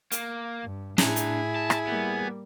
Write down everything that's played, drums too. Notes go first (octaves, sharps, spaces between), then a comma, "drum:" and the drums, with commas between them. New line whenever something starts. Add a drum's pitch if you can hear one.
A#3, drum: hi-hat
G2
A2 D4 E4 G#4 A#5, drum: snare
drum: hi-hat
A5
drum: rim click
G3 A#3 B3